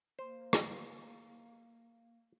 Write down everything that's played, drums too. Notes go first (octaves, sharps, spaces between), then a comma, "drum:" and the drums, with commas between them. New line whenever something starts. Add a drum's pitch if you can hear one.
A#3 C5
drum: rim click